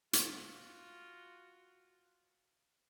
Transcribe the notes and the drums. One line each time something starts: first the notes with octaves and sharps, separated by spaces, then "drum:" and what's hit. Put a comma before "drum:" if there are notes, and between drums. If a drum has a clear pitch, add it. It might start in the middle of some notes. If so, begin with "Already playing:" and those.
F4 F#4, drum: hi-hat